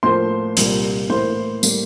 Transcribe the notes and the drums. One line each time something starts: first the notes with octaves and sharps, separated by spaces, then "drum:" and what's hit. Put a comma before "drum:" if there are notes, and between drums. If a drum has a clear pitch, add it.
A2 F3 A#3 C5 C6
C2 A#2 G3 A#3, drum: hi-hat
A2 E3 A#3 E4 C5 C6
A2 G3 A#3, drum: tambourine